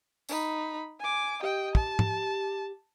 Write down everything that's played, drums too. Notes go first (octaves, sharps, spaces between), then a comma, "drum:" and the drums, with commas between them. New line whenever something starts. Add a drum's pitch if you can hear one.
D#4 B5, drum: tambourine
G#5 D6
G4 D#5 G5
A5, drum: kick
drum: tom G#2